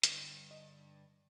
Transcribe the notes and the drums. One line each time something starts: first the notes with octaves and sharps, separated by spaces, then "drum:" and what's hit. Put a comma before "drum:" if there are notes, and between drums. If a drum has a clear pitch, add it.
G2 D3, drum: hi-hat
D#5